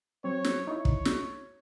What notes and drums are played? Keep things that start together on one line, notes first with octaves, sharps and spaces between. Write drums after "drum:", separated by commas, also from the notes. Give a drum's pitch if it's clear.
F#3 C4 C#5
drum: snare
D#4 E4 C#5
drum: kick
drum: snare